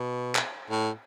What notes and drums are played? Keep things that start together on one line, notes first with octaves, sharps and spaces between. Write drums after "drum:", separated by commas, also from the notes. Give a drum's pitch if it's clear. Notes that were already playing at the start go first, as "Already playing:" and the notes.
Already playing: B2
drum: clap
A2